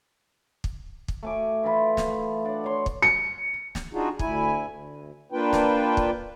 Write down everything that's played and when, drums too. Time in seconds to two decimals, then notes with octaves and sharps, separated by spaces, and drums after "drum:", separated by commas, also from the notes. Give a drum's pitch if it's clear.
0.64 drum: kick
1.08 drum: kick
1.23 A3 G#5 D6
1.63 E3 E4 F4 B5
1.97 drum: snare
2.07 A3
2.45 D4 D5 F#5
2.64 C#5 C6
2.86 drum: kick
3.02 C#7
3.75 drum: snare
3.93 D4 D#4 F4 F#4 G#4
4.19 D2 E4 G#5, drum: kick
4.67 D2
5.32 A#3 D4 F4 B4 G5
5.53 drum: snare
5.97 drum: kick